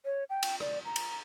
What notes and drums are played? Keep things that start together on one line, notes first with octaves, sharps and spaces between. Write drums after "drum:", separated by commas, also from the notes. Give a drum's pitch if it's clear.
C#5
G5
drum: cymbal
D5, drum: rim click
A#5
drum: cymbal